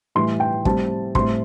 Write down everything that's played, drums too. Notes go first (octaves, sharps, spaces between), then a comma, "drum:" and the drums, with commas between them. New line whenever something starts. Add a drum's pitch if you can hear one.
A2 E3 G3 C6
G5
A2 G3 C4 A5, drum: kick
A2 G3 C4 C6, drum: kick